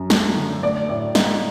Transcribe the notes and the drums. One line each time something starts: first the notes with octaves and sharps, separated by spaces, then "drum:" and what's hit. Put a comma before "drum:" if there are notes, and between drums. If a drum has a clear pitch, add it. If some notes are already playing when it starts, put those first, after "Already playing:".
Already playing: F#2
A3, drum: snare
D3
A3 D5
A2 D5
A#3 D#5, drum: snare